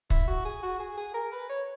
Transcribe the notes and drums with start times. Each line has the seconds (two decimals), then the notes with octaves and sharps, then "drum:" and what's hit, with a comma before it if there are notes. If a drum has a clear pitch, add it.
0.10 E4, drum: kick
0.28 F#4
0.45 G#4
0.63 F#4
0.80 G#4
0.97 G#4
1.14 A#4
1.32 B4
1.49 C#5